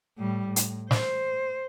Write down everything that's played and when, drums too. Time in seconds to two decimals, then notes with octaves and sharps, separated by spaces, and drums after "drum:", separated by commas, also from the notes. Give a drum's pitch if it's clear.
0.18 A2 G3
0.47 A2
0.56 drum: hi-hat
0.91 C5, drum: snare